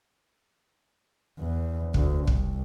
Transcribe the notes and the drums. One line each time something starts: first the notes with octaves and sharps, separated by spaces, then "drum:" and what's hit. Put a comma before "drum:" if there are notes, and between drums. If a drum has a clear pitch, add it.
E2
D2, drum: kick
C2, drum: kick